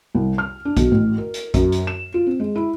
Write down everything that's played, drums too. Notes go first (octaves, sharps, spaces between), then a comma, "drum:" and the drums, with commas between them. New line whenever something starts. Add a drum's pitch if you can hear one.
C2
F6
D4
B1, drum: kick, hi-hat
A1
A#4
drum: hi-hat
F#2, drum: kick, hi-hat
drum: hi-hat
E7
F4
C4
G#3
E4